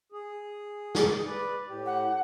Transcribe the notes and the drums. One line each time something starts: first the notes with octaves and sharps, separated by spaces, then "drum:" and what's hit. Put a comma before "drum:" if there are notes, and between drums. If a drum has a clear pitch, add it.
G#4
drum: snare
B4 D5
A2 G4
F#5